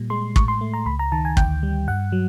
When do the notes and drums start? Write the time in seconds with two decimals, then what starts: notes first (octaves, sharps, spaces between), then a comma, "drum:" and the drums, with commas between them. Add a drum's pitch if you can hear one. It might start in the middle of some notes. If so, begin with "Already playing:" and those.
Already playing: A#2 G3
0.10 G#3 C6
0.36 A2 C#6, drum: kick
0.48 C6
0.61 A3
0.74 A#5
0.86 C#2 B5
0.99 A#5
1.12 D#3 A5
1.25 G#5
1.37 D2 G5, drum: kick
1.63 G3
1.88 G2 F#5
2.12 F#3